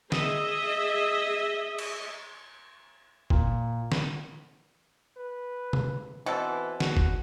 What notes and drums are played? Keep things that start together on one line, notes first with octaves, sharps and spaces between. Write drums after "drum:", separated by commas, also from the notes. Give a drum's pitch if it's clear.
G#4 D#5 E5, drum: snare
drum: cymbal
A#2, drum: kick
drum: snare
B4
drum: tom B2
B2 E3 C4 A4
F#4, drum: snare
drum: kick